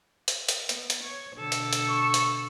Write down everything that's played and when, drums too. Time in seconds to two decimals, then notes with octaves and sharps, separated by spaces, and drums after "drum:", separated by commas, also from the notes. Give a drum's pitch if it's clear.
0.28 drum: hi-hat
0.49 drum: hi-hat
0.69 B3, drum: hi-hat
0.90 drum: hi-hat
1.02 C#5
1.35 B2 D3 A4
1.52 drum: hi-hat
1.73 drum: hi-hat
1.89 C#6
2.14 drum: hi-hat